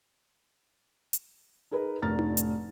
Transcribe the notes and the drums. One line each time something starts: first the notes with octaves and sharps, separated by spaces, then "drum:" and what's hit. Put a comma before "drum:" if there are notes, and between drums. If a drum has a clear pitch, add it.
drum: hi-hat
D#4 G#4 A#4 B4
F1 A2 D4 A#5 F6 A6
drum: tom D#4
drum: hi-hat